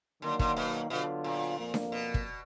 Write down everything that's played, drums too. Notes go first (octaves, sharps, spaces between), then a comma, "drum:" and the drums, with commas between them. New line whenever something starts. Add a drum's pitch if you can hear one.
D3 D#3 F#3 A#3
D3, drum: kick
B2
B2 D3 F#3 B3 F4
A#2
F2 F3 A#3
drum: snare D4
B2
drum: kick